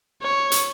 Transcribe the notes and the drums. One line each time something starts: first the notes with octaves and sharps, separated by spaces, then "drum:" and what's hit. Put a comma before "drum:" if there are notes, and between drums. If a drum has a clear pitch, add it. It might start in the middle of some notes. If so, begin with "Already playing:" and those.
C#5
drum: hi-hat